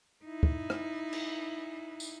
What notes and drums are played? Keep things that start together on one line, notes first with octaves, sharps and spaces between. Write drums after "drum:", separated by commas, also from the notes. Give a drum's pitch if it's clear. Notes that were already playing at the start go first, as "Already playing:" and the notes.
D#4 E4
drum: kick
drum: rim click
drum: cymbal
drum: tambourine